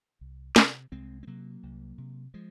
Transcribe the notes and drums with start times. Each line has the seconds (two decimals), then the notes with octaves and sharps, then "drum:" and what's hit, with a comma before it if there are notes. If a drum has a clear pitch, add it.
0.21 C2
0.56 C3, drum: snare
0.92 C2 G#3 C4
1.23 C4
1.27 C3 F#3 A#3
1.63 C2
1.98 C3
2.34 F3 G#3